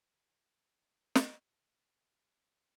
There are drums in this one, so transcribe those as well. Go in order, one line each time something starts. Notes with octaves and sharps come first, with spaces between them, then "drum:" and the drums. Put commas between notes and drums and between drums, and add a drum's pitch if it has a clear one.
drum: snare
D#2 B2 D4 G4